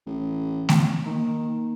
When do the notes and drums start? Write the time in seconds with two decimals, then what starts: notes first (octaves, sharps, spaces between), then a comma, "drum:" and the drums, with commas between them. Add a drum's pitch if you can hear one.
0.06 A1
0.69 drum: snare A3
1.06 D#3 A#3